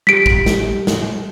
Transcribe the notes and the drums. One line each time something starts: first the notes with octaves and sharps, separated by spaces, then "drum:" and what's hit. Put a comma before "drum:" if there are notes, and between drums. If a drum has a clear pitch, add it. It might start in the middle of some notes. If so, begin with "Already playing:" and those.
G3 G4 B6 D7
drum: kick
drum: snare
drum: snare